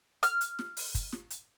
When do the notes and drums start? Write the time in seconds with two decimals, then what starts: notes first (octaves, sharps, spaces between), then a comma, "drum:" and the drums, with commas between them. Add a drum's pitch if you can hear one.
0.23 F6, drum: hi-hat
0.41 drum: hi-hat
0.59 drum: snare
0.77 drum: open hi-hat
0.95 drum: kick, hi-hat
1.12 drum: snare
1.30 drum: hi-hat